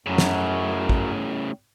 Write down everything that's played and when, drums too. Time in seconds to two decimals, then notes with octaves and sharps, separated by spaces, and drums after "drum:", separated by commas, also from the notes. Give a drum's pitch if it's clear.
0.06 F#2 A2 C#3
0.18 drum: snare
0.89 drum: kick A1